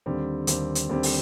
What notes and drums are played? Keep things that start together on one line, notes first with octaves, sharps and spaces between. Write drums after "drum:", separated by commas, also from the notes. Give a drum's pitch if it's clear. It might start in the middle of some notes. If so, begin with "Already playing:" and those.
D#2 D3 G3 C4
D#2 D3 G3 C4, drum: hi-hat
drum: hi-hat
D#2 D3 G3 C4
drum: open hi-hat